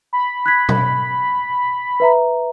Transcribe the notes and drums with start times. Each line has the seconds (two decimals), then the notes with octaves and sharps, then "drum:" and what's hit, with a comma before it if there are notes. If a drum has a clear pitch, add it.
0.13 B5
0.46 F#6 G#6 B6
0.69 drum: tom B2
2.00 B4 E5 A#5